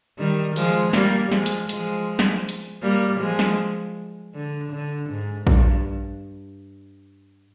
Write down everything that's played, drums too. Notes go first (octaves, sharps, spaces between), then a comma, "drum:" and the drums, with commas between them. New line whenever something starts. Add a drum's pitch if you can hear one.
D#3 G3
F3 G#3, drum: open hi-hat
G3 A#3, drum: snare
F3 G#3, drum: snare
drum: hi-hat
F3 G#3, drum: hi-hat
drum: snare
drum: hi-hat
G3 A#3
F3 G#3
drum: snare
D3
D3
G#2
G2, drum: kick A#1